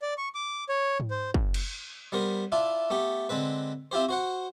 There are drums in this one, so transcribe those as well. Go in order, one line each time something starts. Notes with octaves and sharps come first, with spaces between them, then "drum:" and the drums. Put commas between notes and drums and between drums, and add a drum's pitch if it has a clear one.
D5
C#6
D6
C#5
drum: tom G#2
C5
drum: kick
drum: cymbal
G3 B3 A#4 C5
D4 E4 F4
A3 B3 G4
D3 G#3 C4 B4
C4 E4 F4 G4 C5
F#4 C5 F#5